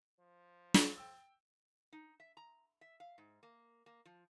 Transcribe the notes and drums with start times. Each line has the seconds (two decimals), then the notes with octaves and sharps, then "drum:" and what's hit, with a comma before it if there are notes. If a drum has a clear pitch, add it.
0.19 F3
0.74 drum: snare
0.98 G5 E6
1.93 D#4
2.20 E5
2.37 A#5
2.81 E5
3.00 F5
3.18 G#2
3.43 A#3
3.86 A#3
4.05 F3